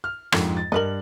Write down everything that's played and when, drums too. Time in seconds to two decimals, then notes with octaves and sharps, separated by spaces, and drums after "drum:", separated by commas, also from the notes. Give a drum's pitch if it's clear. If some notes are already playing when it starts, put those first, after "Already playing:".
0.04 F6
0.32 F2 G#2 D3 G3 A#3, drum: rim click
0.57 A6
0.72 G2 A#4 B4 D#5 F#7